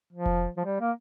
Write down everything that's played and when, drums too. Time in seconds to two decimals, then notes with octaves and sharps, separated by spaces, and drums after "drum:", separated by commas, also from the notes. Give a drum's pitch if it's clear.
0.13 F3
0.26 drum: kick F1
0.57 F3
0.65 G3
0.81 A#3